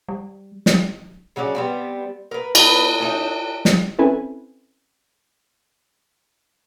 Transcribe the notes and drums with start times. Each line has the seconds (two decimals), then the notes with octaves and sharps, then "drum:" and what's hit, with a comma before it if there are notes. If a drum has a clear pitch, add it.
0.09 G3
0.66 drum: snare
1.36 C#3 F#3 C#4 D4
1.55 G3 B3 C4
2.31 A#4 B4
2.55 B3 D#4 B4 A#5, drum: cymbal
3.00 C#4 D#4 E5
3.65 drum: snare
3.99 C4 C#4 E4 A4 B4 G#5